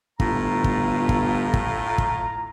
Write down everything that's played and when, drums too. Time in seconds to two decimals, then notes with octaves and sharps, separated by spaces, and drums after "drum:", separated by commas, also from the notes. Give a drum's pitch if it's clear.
0.20 G1 A2 F4 A#5, drum: kick
0.64 drum: kick
1.09 drum: kick
1.54 drum: kick
1.98 drum: kick